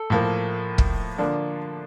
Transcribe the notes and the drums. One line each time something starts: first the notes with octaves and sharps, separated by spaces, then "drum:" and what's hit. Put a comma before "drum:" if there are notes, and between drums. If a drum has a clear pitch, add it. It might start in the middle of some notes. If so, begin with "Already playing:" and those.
Already playing: A4
A2 F3 A#3
drum: kick
D3 F3 A#3 D4